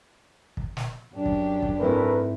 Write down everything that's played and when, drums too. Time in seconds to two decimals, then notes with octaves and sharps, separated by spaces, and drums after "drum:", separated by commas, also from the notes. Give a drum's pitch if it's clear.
0.57 drum: kick
0.77 drum: snare
1.13 F#2 D4 G4
1.26 drum: kick
1.62 drum: kick
1.80 G#2 A3 C4 E4 A#4 B4